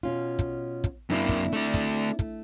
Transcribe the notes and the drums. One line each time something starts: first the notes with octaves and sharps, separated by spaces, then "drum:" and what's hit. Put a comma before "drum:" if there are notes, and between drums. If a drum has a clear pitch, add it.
B2 C#4 F4
drum: kick, hi-hat
drum: kick, hi-hat
F#2 A#3 C4 D4 E4
drum: kick
A3 D5
drum: kick, hi-hat
A3, drum: kick, hi-hat